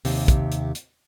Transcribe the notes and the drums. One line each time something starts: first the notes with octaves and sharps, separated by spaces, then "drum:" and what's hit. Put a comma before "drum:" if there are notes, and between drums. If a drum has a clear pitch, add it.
D#2 C3, drum: open hi-hat
drum: kick, hi-hat
drum: hi-hat
drum: hi-hat